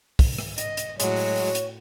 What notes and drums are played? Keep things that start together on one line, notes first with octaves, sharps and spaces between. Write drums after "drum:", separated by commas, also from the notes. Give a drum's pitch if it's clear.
drum: kick, open hi-hat
drum: rim click
D#5, drum: hi-hat
drum: hi-hat
A2 F#3 G#3 F#4 C#5, drum: hi-hat
drum: open hi-hat
drum: open hi-hat
drum: hi-hat